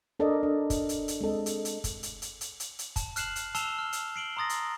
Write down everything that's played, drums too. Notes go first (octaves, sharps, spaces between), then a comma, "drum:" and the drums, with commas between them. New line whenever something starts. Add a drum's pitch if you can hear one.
D4 A4 A#4 D5 D#5
D4
drum: kick, hi-hat
drum: hi-hat
drum: hi-hat
G#3 C4 A4 D#5
drum: hi-hat
drum: hi-hat
drum: kick, hi-hat
drum: hi-hat
drum: hi-hat
drum: hi-hat
drum: hi-hat
drum: hi-hat
A5, drum: kick, hi-hat
F6 F#6 C7 E7 F#7, drum: hi-hat
drum: hi-hat
A5 E6 C7 E7 F7 G7, drum: hi-hat
F6
drum: hi-hat
C7 D7 F#7 G7
A#5 C6 D#6 A6 A#6
drum: hi-hat